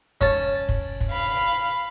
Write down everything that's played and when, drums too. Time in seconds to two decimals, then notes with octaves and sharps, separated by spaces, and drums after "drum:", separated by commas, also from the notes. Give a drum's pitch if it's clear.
0.21 C#4 A5, drum: kick
0.69 drum: kick
1.01 drum: kick
1.11 F5 B5